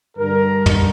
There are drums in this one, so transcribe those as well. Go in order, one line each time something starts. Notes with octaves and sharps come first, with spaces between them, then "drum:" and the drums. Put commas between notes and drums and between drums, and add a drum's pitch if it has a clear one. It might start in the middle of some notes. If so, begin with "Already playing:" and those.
G2 D3 A#4
drum: tom